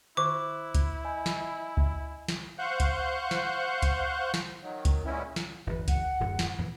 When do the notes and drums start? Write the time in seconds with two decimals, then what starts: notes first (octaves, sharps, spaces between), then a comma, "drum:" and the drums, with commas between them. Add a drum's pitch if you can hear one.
0.17 D#3 E4 C5 D6 F#6
0.75 drum: kick C#2, hi-hat
1.04 D#5 G#5 G6
1.26 drum: snare
1.77 drum: kick C#2
2.28 drum: snare
2.59 C5 F5 F#5 C#6 F#6 G6
2.80 drum: kick C#2, hi-hat
3.31 drum: snare
3.82 drum: kick C#2, hi-hat
4.34 drum: snare
4.62 D#3 F#3
4.85 drum: kick C#2, hi-hat
5.05 A#2 G#3 B3 C#4 E4
5.36 drum: snare
5.67 G1 E2 B4
5.88 F#5, drum: kick C#2, hi-hat
6.20 D1 F#2
6.39 drum: snare
6.58 F2 A#2 E3